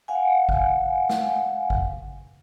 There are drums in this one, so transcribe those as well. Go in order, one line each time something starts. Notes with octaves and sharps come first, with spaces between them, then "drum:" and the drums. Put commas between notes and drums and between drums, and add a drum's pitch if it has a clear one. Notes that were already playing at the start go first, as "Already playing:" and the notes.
F5 F#5 G#5
drum: kick G#1
drum: snare
drum: kick G#1